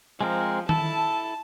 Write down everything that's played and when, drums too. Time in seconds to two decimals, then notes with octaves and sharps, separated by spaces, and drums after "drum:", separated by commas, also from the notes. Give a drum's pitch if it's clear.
0.21 F3 G#3 C4 A#4
0.69 E4 A4 A5, drum: tom D#3